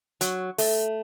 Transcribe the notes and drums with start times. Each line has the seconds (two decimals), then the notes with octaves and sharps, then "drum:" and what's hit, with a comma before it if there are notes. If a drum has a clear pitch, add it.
0.21 F#3, drum: hi-hat
0.58 A3, drum: open hi-hat